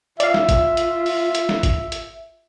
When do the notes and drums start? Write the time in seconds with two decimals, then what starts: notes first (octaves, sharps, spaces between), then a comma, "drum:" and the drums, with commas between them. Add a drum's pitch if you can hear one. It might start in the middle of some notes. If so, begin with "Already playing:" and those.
0.20 F4 D5 E5 F5, drum: hi-hat
0.34 drum: snare
0.49 drum: kick G#1, hi-hat
0.77 drum: hi-hat
1.06 drum: open hi-hat
1.35 drum: hi-hat
1.49 drum: snare
1.63 drum: kick G#1, hi-hat
1.92 drum: hi-hat